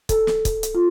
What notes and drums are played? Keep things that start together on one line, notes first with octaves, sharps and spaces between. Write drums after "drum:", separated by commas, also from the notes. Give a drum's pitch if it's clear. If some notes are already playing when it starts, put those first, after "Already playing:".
A4, drum: kick, hi-hat
drum: snare
drum: kick, hi-hat
drum: hi-hat
F4